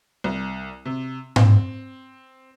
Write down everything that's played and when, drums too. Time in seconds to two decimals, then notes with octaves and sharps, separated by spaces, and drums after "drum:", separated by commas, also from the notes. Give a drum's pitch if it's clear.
0.24 C2
0.86 C3
1.36 C4, drum: tom G#2